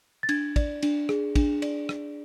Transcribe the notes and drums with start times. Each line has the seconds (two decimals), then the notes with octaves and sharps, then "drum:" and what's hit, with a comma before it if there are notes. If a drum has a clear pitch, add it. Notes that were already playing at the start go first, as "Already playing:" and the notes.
0.23 A6
0.29 D4 G#6, drum: cymbal
0.56 D5, drum: kick, cymbal
0.83 D4, drum: cymbal
1.09 G#4, drum: rim click
1.36 D4, drum: kick, cymbal
1.62 D5, drum: cymbal
1.89 drum: rim click